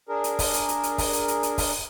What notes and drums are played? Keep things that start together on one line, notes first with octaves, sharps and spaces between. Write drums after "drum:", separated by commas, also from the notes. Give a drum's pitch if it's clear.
D4 G#4 A#4
drum: hi-hat
drum: kick, open hi-hat
drum: hi-hat
drum: hi-hat
drum: hi-hat
drum: kick, open hi-hat
drum: hi-hat
drum: hi-hat
drum: hi-hat
drum: kick, open hi-hat